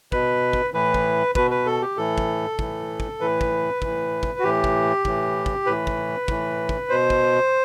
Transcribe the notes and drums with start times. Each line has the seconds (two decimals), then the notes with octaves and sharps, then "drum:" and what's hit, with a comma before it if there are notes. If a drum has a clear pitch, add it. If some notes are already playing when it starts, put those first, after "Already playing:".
0.12 B2 B4, drum: kick
0.53 drum: kick
0.74 A2 E3 B4
0.94 drum: kick
1.35 B2 B4, drum: kick
1.51 B4
1.66 A4
1.82 G4
1.97 A2 E3 A4
2.18 drum: kick
2.59 A2 E3, drum: kick
3.00 drum: kick
3.21 A2 E3 B4
3.41 drum: kick
3.82 A2 E3, drum: kick
4.23 drum: kick
4.39 F#4
4.43 A2 E3 G4
4.64 drum: kick
5.05 A2 E3, drum: kick
5.46 drum: kick
5.66 A2 E3 B4
5.87 drum: kick
6.28 A2 E3, drum: kick
6.69 drum: kick
6.90 B2 C5
7.10 drum: kick